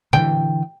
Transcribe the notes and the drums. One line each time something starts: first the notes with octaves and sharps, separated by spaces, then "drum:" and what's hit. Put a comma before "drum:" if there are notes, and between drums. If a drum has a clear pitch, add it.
D3 E3 G5, drum: tom